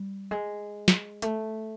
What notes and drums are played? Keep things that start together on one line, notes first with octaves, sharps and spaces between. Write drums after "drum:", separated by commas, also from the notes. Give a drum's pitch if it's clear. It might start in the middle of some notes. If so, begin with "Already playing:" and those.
Already playing: G3
G#3
drum: snare
A3, drum: hi-hat